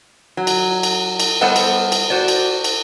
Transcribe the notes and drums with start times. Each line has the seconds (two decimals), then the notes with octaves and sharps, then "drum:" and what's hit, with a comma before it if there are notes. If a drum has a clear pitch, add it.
0.37 F#3
0.47 drum: cymbal
0.83 drum: cymbal
1.20 drum: cymbal
1.41 G3 B3 A4 C5 D#5 F#5
1.56 drum: cymbal
1.92 drum: cymbal
2.10 F#4 C5 D5
2.28 drum: cymbal
2.64 drum: cymbal